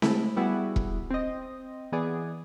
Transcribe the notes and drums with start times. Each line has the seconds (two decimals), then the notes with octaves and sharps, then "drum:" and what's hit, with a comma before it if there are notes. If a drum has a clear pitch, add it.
0.02 G#3 A3 E4, drum: snare C4
0.36 G3 B3 E4 F#4 G#4
0.76 drum: kick E1
1.10 C4 D#5
1.92 E3 B3 G#4 D5